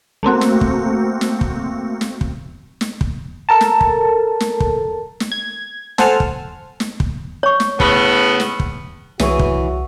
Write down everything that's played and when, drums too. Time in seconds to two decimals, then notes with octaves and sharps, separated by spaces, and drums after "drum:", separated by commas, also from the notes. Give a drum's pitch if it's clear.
0.23 A3 A#3 C4 F#4
0.41 drum: snare
0.61 drum: kick
1.21 drum: snare
1.41 drum: kick
2.01 drum: snare
2.21 drum: kick
2.81 drum: snare
3.01 drum: kick
3.49 A4 A#4 A5
3.61 drum: snare
3.81 drum: kick
4.40 drum: snare
4.60 drum: kick
5.20 drum: snare
5.32 G#6
5.98 A4 C5 F#5 G#5 A5 F6, drum: snare
6.20 drum: kick
6.80 drum: snare
7.00 drum: kick
7.43 C#5 C#6
7.60 drum: snare
7.80 A2 C#3 B3, drum: kick
8.40 drum: snare
8.60 drum: kick
9.19 C2 E3 F#4 G#4 C#5 E5 C#6, drum: snare
9.39 drum: kick